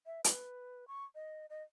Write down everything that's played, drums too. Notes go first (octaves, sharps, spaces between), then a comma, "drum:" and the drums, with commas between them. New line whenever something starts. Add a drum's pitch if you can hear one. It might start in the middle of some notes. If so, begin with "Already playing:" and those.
E5
B4, drum: hi-hat
C#6
D#5
D#5